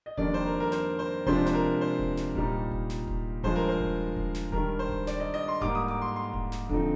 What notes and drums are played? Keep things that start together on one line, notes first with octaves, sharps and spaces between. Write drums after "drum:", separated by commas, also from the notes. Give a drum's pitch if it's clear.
D#5
F2 D#3 G3 A#3 D4 D5, drum: kick D#1
C5
A#4
A#4
C5, drum: snare
C5
C3 F3 G#3 D4 C5, drum: kick D#1
C5, drum: snare
A#4
C5
drum: kick D#1
drum: snare
A#2 G3 A#3 D#4, drum: kick D#1
drum: kick D#1
drum: snare
drum: kick D#1
G2 F3 G#3 C5, drum: kick D#1
A#4
C5
drum: kick D#1
drum: kick D#1
drum: snare
G2 D#3 G3 A#4, drum: kick D#1
C5
drum: kick D#1
D5, drum: snare
D#5
D#5
C6
G#2 G3 A#3 D6, drum: kick D#1
D#6
D6
C6
C6
drum: kick D#1
drum: snare
D3 F3 C4 D#4, drum: kick D#1